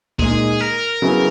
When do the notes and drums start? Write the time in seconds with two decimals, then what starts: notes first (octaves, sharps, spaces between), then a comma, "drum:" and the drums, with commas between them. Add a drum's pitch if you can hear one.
0.19 A#2 G#3 D#4 G#4, drum: kick C#2
0.61 A#4
1.02 C#3 F#3 B3 E4 G#4